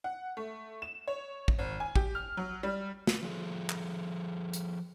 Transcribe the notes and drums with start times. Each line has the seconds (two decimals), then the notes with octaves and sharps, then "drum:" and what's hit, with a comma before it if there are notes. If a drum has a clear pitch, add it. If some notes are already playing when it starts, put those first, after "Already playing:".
0.04 F#5
0.37 A3
0.82 E7
1.08 C#5
1.48 drum: kick
1.59 G#1
1.80 G#5
1.95 G4, drum: kick
2.15 F6
2.37 F#3
2.63 G3
3.07 drum: snare
3.23 F3 G#4 A4
3.69 drum: clap
4.53 drum: hi-hat